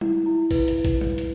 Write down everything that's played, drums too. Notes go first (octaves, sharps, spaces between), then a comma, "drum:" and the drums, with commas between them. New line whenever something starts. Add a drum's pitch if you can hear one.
E4, drum: tom G3
E4
B4, drum: kick A#1, open hi-hat
drum: hi-hat
drum: kick A#1, hi-hat
drum: tom G3
drum: hi-hat